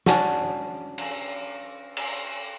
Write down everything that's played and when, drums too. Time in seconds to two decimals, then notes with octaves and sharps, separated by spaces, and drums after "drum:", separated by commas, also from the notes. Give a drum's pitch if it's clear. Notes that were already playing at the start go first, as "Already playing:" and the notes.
0.06 C#4 D4 F#4, drum: snare
0.98 drum: cymbal
1.97 drum: cymbal